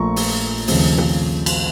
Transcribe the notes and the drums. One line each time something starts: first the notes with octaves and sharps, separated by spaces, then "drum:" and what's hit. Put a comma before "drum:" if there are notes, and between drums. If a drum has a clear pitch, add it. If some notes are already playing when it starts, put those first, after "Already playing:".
Already playing: A#1 A#2 F3 A3 A#5 C#6
drum: open hi-hat
D#2 C#3 F3 A3 C4, drum: open hi-hat
drum: tom B2
drum: cymbal